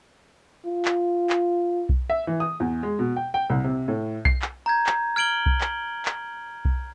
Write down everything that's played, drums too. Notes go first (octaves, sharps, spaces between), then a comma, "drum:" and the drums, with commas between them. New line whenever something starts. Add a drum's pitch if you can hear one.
F4
drum: clap
drum: clap
drum: kick B1
E5
E3
D#6
E2
G#3
B2
G5
G5
C2
C3
A2
C7, drum: kick B1
drum: clap
A#5 G6 G#6
drum: clap
F6 G#6 D7 F#7 G7
drum: kick B1
drum: clap
drum: clap
drum: kick B1